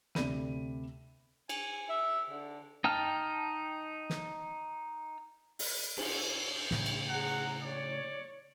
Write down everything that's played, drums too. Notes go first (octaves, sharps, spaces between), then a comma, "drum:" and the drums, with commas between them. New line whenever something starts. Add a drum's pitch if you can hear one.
D2 C3 A4 D5 B5 D#7, drum: snare
G#5, drum: cymbal
E5
D3
D#4 G5 A5 F6
drum: snare
drum: open hi-hat
drum: cymbal
A2 C#3, drum: snare
drum: cymbal
G#4 F#5 A#5
C#5 D5